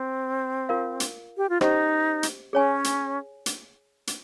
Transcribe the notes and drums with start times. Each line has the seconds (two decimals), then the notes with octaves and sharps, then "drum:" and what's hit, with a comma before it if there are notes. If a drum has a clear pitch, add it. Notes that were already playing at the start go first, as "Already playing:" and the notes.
Already playing: C4
0.69 F4 A#4 F5
1.00 drum: hi-hat
1.37 G4
1.49 F4
1.61 C#4 D#4 G4 C5 D#5, drum: rim click
2.23 drum: hi-hat
2.53 C#4 G#4 C#5 G#5
2.84 drum: hi-hat
3.46 drum: hi-hat
4.07 drum: hi-hat